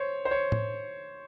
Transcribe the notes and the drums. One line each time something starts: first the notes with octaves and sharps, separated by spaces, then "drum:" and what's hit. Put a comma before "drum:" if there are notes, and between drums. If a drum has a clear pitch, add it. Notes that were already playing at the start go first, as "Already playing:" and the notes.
Already playing: C5 C#5
C5
C#5
drum: tom A2